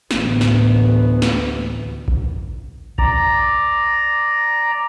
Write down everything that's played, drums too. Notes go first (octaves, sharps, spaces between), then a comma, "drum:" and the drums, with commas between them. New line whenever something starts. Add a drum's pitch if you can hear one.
A1 D2 B3, drum: snare
drum: snare
drum: snare
drum: kick A1
D5 A#5, drum: kick A1